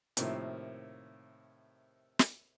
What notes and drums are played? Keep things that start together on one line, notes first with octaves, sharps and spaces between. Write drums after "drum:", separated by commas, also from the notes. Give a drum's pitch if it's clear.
A2 C3 D#3 F3 A#3, drum: hi-hat
drum: snare